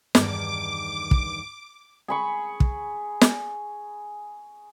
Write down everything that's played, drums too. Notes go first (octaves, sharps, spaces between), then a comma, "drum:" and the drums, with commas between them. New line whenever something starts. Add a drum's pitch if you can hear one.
E2 G2 D#3 D6, drum: snare
drum: kick
G#4 B5 C#6
drum: kick
drum: snare